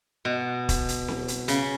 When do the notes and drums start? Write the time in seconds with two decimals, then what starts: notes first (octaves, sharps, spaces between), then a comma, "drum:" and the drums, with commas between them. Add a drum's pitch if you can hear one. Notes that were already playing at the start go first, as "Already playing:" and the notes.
0.25 B2
0.69 drum: kick, hi-hat
0.89 drum: hi-hat
1.08 drum: snare C4
1.28 drum: hi-hat
1.48 C#3, drum: hi-hat